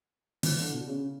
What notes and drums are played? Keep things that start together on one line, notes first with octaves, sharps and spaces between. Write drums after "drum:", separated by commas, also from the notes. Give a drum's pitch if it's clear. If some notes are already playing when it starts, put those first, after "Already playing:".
E3, drum: open hi-hat
D3
B2
C#3